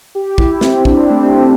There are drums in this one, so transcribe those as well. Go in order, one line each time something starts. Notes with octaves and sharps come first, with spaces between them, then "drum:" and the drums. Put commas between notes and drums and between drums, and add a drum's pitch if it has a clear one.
G4
E4, drum: kick
C4, drum: snare
D4, drum: kick
C4
A3
C4